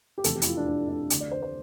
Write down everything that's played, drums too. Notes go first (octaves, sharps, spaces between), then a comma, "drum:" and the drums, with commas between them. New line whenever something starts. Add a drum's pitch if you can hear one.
G4
F1 E2 C3 A4, drum: hi-hat
G4
E4, drum: hi-hat
F4
D4
D4
D4
D2 D3, drum: hi-hat
D5
C5
C5